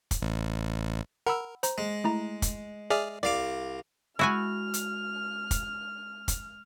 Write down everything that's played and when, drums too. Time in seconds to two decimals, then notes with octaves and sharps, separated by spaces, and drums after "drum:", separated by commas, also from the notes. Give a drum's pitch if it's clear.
0.11 drum: kick, hi-hat
0.22 A1
1.27 A#4 F#5 B5 E6
1.63 C5 A#5, drum: hi-hat
1.78 G#3
2.04 A3 E4 A#5
2.42 drum: kick, hi-hat
2.90 G#4 D5 E5 F6
3.23 C2 D5 F5 D6
4.19 G#3 E4 F#4 G#5 F6
4.74 drum: hi-hat
5.51 drum: kick, hi-hat
6.28 drum: kick, hi-hat